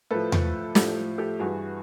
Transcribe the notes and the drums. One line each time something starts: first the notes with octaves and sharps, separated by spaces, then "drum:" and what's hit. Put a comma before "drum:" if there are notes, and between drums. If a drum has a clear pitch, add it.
A2 F3 A4 B4
drum: tom E2
A2 F3 G4 A4, drum: snare
G4 A4
G2 E3 F#4 G#4